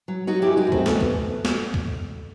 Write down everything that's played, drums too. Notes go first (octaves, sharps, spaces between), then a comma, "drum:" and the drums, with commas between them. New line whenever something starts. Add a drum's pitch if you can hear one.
F#3
F#3 D#4 F#4
F#2 E4 G4
D#4 F#4
F#2
A3 C4, drum: kick
E2 A3, drum: snare
B3, drum: kick
drum: snare
drum: kick